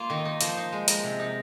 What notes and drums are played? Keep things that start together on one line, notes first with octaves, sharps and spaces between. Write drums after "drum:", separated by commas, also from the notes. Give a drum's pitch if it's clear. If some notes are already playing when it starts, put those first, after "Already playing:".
Already playing: A#3 F4
D#3
D#5
D#4
F3 C5, drum: hi-hat
D#4
G#3
G#3 A#4, drum: hi-hat
C3
D#4